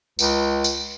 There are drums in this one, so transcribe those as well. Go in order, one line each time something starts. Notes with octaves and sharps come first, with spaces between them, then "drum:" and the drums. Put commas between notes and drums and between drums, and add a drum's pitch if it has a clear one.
C#2, drum: tambourine
drum: tambourine